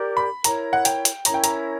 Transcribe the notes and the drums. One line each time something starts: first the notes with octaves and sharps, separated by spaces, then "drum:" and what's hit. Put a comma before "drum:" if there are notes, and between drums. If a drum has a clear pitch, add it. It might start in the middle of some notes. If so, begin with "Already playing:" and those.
Already playing: G4 A#4 D5
B5
E4 A#4 C#5 A#5, drum: hi-hat
F#5
G5, drum: hi-hat
drum: hi-hat
C#4 E4 A#4 C#5 A#5, drum: hi-hat
G5
A#5, drum: hi-hat